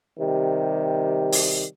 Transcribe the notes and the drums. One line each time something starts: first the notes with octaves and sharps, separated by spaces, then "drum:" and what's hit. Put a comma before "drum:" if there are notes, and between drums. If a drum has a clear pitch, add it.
C3 D#3 G3 G4
drum: open hi-hat